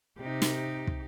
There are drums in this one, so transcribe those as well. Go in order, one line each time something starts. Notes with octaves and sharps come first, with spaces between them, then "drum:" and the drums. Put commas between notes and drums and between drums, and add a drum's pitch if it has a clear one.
C3 D#4 G4
drum: snare
drum: kick